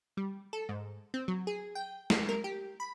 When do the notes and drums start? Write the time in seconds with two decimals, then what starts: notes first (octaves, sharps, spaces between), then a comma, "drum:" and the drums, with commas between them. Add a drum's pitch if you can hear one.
0.17 G3
0.53 A4
0.69 G#2
1.14 C4
1.28 F#3
1.47 G#4
1.75 G5
2.10 drum: snare
2.29 A#4
2.44 G4
2.80 B5